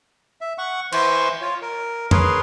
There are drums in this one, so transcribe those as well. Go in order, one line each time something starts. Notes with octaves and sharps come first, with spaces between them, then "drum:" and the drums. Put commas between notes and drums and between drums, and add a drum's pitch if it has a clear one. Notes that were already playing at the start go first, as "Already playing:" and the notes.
E5
F#5 C#6
E3 C5 C6 C#6, drum: cymbal
F4 C#5
A#4
G#4 A#4 B4 C#5 C6, drum: tom F2